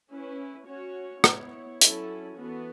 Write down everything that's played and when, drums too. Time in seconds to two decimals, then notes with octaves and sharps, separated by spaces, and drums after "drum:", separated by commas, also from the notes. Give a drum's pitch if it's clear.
0.10 C#4 E4 B4
0.67 C#4 F#4 C#5
1.24 B3 E4 C#5, drum: rim click
1.81 F#3 C#4 E4 A4, drum: hi-hat
2.38 E3 B3 F#4 A4